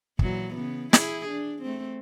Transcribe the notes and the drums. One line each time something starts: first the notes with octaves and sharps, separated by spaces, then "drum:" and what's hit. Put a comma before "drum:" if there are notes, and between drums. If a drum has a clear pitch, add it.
A#2 E3 F#3, drum: kick
C#3 B3
E4 G#4, drum: snare
D4
A3 C4